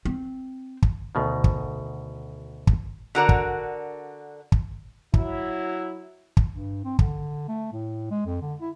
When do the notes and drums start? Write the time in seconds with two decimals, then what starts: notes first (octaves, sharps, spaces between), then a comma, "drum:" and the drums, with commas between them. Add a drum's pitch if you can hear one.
0.05 C4
0.82 drum: kick
1.15 D2 B2 D#3
1.44 drum: kick
2.67 drum: kick
3.15 D3 F#4 A#4 D5
3.29 drum: kick
4.52 drum: kick
5.14 F#3 E4, drum: kick
6.37 drum: kick
6.50 G2
6.85 C4
6.99 D3, drum: kick
7.48 A3
7.73 A2
8.10 G#3
8.26 F2
8.41 D3
8.61 E4